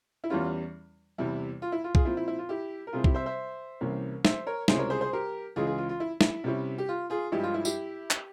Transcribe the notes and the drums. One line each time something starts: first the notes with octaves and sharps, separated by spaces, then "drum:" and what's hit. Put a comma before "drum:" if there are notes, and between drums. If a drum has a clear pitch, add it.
E4
E2 E3 G3 C#4 F4
E2 C3 G3 E4
F4
E4
F4
F4 G#4, drum: kick B1
A#2 F3 C4 E4 F4
E4
E4
F4
E4 G4
A#4
C3 G3 C4 E4 F4 G#4
E4 G4, drum: kick B1
C5 E5
C5 E5
C2 C3 E3 A#3 C#4
C5 E5, drum: snare
A#4 C#5
C#2 C3 G3 C#4 E4 G#4 C5, drum: snare
A#4 C#5
G#4 C5
G#4 C5
G4 A#4
C#2 C#3 E3 G#3 F4 G#4
F4 G#4
F4
F4
E4
E4, drum: snare
C3 G3 C#4 E4
G4
F4
F4 G#4
G2 F3 G#3 E4 G4
F4
E4
E4 G4, drum: tambourine
drum: clap